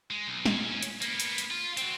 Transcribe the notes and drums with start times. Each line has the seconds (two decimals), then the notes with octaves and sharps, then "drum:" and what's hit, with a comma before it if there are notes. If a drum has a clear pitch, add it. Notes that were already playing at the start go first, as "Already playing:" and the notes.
0.10 G#3
0.27 B1
0.45 A#2 C#4, drum: snare
0.83 drum: hi-hat
1.02 A#3 B3, drum: hi-hat
1.20 drum: hi-hat
1.38 drum: hi-hat
1.51 F4
1.77 C4 F#4, drum: hi-hat